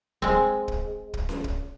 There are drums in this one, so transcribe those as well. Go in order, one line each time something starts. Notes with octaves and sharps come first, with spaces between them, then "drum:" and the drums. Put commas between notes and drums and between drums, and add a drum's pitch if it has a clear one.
G#3 C4, drum: kick
drum: kick
drum: kick
drum: snare C#4
drum: kick